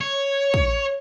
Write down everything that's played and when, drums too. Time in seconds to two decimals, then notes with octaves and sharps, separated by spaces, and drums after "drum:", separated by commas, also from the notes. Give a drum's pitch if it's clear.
0.01 C#5
0.54 drum: kick